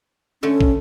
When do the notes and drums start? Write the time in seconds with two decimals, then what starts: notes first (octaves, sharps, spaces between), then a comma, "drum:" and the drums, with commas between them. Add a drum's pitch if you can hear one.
0.43 D3 A3 C#4 A4
0.61 drum: kick